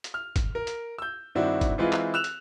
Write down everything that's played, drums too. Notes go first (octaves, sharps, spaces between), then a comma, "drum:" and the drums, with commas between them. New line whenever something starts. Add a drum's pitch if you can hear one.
drum: hi-hat
F6
drum: kick, hi-hat
A#4
drum: hi-hat
E6 G6
G2 D#3 C4 D4 E4 F#4
drum: kick, hi-hat
E3 G#3 C4 E4 F4 B4
drum: clap
E6 F#6 E7 F7
drum: hi-hat